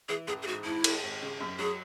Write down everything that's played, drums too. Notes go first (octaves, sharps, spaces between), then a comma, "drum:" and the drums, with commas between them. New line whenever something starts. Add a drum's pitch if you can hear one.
E3 G#4
A1 G#4
G#4
G#2 F#4
G#1 E4
G#3, drum: cymbal
G#1
C#3
F#2
F#3 G#4